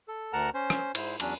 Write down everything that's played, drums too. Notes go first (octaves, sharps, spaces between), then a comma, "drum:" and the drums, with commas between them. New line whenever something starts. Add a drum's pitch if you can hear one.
A4
D2 A#4 F#5 A5 A#5
C#4 C5
drum: rim click
G#2 E4 C5, drum: cymbal
E2 F#3 C#4 D4, drum: cymbal